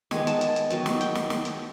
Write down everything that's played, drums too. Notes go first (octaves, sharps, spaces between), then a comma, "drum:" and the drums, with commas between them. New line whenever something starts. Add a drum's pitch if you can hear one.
D#3 G#3 B3 G#5, drum: snare
A5, drum: hi-hat
A5, drum: hi-hat
drum: hi-hat
D#3 F#3 B3, drum: hi-hat
drum: snare
G5, drum: hi-hat
drum: snare
drum: snare
drum: hi-hat